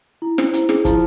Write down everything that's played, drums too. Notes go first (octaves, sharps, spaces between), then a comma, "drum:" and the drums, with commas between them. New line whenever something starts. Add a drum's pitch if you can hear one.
E4
C5, drum: snare
E4, drum: hi-hat
G#4, drum: snare
F3 E4, drum: kick, hi-hat